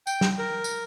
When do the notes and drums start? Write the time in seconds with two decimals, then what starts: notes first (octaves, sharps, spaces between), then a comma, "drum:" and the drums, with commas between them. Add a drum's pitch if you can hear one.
0.07 G5, drum: tambourine
0.21 drum: snare
0.39 A#4
0.64 drum: tambourine